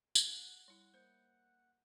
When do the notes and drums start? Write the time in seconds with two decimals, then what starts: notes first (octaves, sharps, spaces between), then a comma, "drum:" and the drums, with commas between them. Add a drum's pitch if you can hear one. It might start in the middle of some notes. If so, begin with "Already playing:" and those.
0.15 F#5, drum: tambourine
0.68 G3 E4
0.94 A#3 C5 G6 C#7